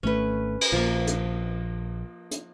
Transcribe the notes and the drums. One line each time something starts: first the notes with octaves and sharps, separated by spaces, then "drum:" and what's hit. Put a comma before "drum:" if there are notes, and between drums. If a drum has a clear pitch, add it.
G#1 A3 C#4 B4
drum: cymbal
A#1 F3 A#3
drum: hi-hat
drum: hi-hat